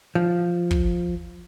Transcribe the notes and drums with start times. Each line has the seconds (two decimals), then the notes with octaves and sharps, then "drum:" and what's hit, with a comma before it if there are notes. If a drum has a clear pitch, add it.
0.15 F3
0.71 drum: kick